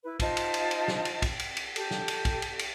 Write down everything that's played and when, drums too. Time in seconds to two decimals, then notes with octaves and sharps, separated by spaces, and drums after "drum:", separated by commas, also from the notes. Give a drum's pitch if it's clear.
0.04 E4 B4
0.20 D#4 F4 C5 A5, drum: kick, cymbal
0.37 drum: cymbal
0.54 drum: cymbal
0.71 drum: cymbal
0.88 drum: snare
1.05 drum: cymbal
1.22 drum: kick, cymbal
1.39 drum: cymbal
1.57 drum: cymbal
1.76 G4 A4, drum: cymbal
1.91 drum: snare
2.08 drum: cymbal
2.25 drum: kick, cymbal
2.42 drum: cymbal
2.59 drum: cymbal